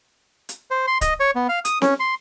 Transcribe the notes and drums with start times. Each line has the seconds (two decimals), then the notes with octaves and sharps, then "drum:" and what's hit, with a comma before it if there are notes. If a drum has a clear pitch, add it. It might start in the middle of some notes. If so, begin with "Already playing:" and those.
0.49 drum: hi-hat
0.71 C5
0.87 C6
1.01 D#5, drum: kick C#1, hi-hat
1.20 C#5
1.36 B3
1.49 F5
1.65 D#6, drum: hi-hat
1.82 C#4, drum: snare C4
2.00 C6